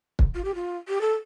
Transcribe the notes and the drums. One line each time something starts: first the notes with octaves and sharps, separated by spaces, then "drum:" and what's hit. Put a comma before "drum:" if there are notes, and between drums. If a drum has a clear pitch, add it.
drum: kick
F4
G4
F4
G4
A4